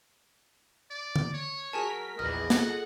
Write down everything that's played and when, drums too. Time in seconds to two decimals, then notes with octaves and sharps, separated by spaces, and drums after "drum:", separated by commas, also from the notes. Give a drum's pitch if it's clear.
0.91 D5
1.16 drum: tom D3
1.33 C#5
1.73 F#3 G#4 A#4 G#5 A5 B6
2.19 A#1 E2 G#4 B4 D5 D#5 F6
2.50 F4 G#4 A4 F#5, drum: snare